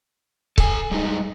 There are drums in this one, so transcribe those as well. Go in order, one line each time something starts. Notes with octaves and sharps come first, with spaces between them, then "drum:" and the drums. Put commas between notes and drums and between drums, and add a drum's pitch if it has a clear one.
A4 G#5, drum: kick C#1
G3 G#3 D#4